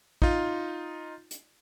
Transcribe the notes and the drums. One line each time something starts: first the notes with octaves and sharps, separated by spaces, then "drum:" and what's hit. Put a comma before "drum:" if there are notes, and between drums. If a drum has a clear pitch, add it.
D#4 F4, drum: kick
drum: hi-hat